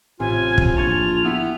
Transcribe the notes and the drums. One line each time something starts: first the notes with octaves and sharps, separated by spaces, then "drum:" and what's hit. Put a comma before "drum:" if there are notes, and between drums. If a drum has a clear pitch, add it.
A1 C3 F4 G#5
drum: kick
A#1 A5 C#6 G#6 F7
B3 E4 G4